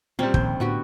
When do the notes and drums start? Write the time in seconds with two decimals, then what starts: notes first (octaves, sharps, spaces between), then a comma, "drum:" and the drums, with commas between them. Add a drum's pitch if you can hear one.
0.19 A#2 G3 C4 C#4 C5
0.34 A#1 D#2 A#2 D#3 G6, drum: kick
0.60 A2 D3 B3 F#4 G4